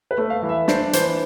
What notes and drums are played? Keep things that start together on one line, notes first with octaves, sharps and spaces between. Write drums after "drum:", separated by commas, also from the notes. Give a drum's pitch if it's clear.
B4
A3
F5
E3
E5
D4 C5, drum: snare
E3 C5, drum: hi-hat